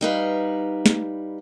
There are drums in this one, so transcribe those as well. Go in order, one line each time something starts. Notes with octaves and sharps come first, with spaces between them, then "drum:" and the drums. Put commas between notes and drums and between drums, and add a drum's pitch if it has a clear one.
G3 D#4 B4 F5
drum: snare